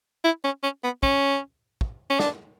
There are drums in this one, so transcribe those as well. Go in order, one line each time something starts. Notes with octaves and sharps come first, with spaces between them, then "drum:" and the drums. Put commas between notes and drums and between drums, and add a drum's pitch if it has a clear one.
E4
C#4
C#4
B3
C#4, drum: kick
drum: kick
C#4
D4, drum: snare